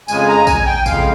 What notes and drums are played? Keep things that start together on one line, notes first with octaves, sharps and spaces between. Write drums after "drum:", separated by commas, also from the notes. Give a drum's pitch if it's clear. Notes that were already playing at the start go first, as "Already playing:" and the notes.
F2 C#3 G#3 G#5, drum: tambourine
A#5
G#5, drum: kick, tambourine
G5
F2 C#3 G#3 F5, drum: kick, tambourine